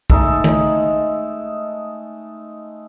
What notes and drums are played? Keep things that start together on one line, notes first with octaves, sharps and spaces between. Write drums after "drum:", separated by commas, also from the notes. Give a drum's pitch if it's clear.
G#3 A3 D#4 A4, drum: kick B1
drum: tom D#3